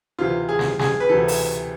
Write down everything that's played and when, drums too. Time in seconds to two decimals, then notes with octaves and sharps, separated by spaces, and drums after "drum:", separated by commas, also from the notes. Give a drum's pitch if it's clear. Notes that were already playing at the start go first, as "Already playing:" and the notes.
0.19 D2 C3 E3 F4
0.49 G#4
0.59 drum: snare
0.79 G#4, drum: snare
1.00 B4
1.09 D2 C3 E3 A4
1.28 drum: open hi-hat